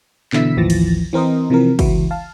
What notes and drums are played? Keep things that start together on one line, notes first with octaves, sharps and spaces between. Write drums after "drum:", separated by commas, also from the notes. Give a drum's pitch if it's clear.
B2 D3 E3 E4 E6 B6, drum: clap
A1 D#2 E3 F3 A6 A#6
drum: cymbal
E3 C4 A#4 C5 D#5
C3 E3 F3 C4 A#4
C#2 E3 E4 F#4, drum: kick, cymbal
F5 A5